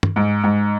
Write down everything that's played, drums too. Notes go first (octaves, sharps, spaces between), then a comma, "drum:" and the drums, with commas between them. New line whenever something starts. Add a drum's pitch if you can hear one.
drum: tom
G#2
G#2